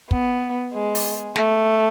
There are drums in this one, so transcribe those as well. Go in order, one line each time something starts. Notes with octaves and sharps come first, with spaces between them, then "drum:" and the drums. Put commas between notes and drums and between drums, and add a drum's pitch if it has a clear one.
B3, drum: kick
G#3
drum: open hi-hat
A3, drum: snare